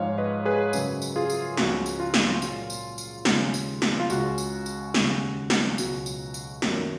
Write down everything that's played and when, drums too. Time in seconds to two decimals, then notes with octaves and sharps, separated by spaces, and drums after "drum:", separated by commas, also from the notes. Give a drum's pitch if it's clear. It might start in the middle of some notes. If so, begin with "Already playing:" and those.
Already playing: G#2 F3 G#3 C#5 F5
0.18 B4 D#5
0.45 G#4 B4
0.73 F#2 C#3 F#3, drum: tambourine
1.02 drum: tambourine
1.16 F4 G#4
1.30 drum: tambourine
1.57 C#2 C#3 F3 G#3 F#4, drum: snare
1.86 drum: tambourine
2.00 F4
2.14 drum: snare
2.42 A#2 F#3, drum: tambourine
2.70 drum: tambourine
2.98 drum: tambourine
3.25 D#2 C#3 G#3, drum: snare
3.54 drum: tambourine
3.82 drum: snare
4.00 F4
4.10 C#2 C#3 G#3 F#4, drum: tambourine
4.38 drum: tambourine
4.66 drum: tambourine
4.94 D#2 C#3 G#3, drum: snare
5.50 drum: snare
5.78 C#2 B2 F#3 F#4, drum: tambourine
6.06 drum: tambourine
6.34 drum: tambourine
6.62 F#2 D#3 F#3, drum: snare